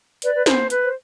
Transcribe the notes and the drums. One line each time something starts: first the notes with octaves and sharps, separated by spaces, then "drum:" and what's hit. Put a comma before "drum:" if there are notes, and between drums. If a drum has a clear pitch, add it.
B4 D5, drum: hi-hat
B4
C5, drum: snare
B4, drum: hi-hat
C5